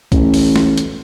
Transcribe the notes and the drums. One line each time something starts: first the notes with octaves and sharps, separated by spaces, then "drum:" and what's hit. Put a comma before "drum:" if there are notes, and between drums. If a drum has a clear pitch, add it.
A1, drum: kick, hi-hat
drum: open hi-hat
drum: snare
drum: hi-hat